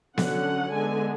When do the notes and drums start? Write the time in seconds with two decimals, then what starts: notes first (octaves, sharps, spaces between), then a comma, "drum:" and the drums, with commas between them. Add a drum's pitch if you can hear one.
0.18 D3 F#3 C#4 F#5, drum: snare B3
0.74 D3 G#3 B3 D4 G#5